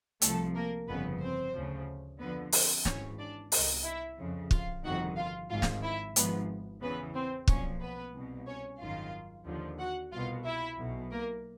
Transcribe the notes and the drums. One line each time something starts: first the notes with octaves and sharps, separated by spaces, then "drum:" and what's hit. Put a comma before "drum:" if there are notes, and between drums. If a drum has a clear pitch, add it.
C2 C3 F3 A3 A4, drum: hi-hat
A#3 A#4
G1 F2 C#3 B3 B4
C4 C5
D2 C#3 F3
F2 D3 F3 B3 B4
C4 C5, drum: open hi-hat
G#1 G#2 E3 C#4 C#5, drum: snare
D4 D5
C2 B2 D#4 D#5, drum: open hi-hat
E4 E5
F2 C#3 F3
F4 F5, drum: kick
G1 F2 C3 D#3 F#4 F#5
F4 F5
G#1 G#2 F3 F4 F5
drum: snare
E4 E5
G#1 G#2 F3 B3 B4, drum: hi-hat
E2 C#3 E3 B3 B4
C4 C5
B1 A#2 F3 C#4 C#5, drum: kick
B3 B4
C2 B2
C#4 C#5
G#1 F#2 D#3 F4 F5
D#2 D3 F3
F#4 F#5
C2 B2 F4 F5
E4 E5
B1 B2
A#3 A#4